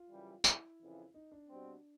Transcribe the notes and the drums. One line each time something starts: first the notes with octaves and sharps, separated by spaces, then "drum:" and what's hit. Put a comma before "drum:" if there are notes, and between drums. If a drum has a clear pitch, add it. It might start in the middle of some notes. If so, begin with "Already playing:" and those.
Already playing: F4
F#2 C#3 E3 G3
E4, drum: tambourine
F2 C#3 E3
D#4
D4
B2 G3 C4